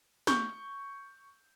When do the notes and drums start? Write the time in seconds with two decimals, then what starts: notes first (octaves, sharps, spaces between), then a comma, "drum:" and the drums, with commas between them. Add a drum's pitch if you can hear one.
0.27 C#6 G6, drum: snare